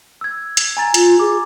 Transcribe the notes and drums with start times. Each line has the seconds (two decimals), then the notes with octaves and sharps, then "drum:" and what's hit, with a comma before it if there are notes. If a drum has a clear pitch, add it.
0.21 E6 G#6
0.57 drum: hi-hat
0.77 G#5 A#5 A6
0.94 F4, drum: hi-hat
1.20 G#4 D6